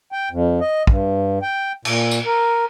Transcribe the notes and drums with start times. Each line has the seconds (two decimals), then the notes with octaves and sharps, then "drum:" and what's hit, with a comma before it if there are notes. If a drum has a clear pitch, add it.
0.12 G5
0.31 F2
0.61 D#5
0.87 G2, drum: kick
1.42 G5
1.85 A#2, drum: cymbal
2.11 drum: tambourine
2.26 A#4